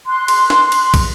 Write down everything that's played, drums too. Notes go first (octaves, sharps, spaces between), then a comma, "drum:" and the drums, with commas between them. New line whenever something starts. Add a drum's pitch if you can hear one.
C6 F#6
drum: cymbal
drum: snare
drum: cymbal
drum: kick, cymbal